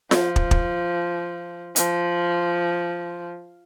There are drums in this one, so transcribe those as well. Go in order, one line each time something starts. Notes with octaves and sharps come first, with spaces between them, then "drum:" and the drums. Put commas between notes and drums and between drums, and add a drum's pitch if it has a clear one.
F3, drum: snare F4
drum: kick
drum: kick
F3, drum: hi-hat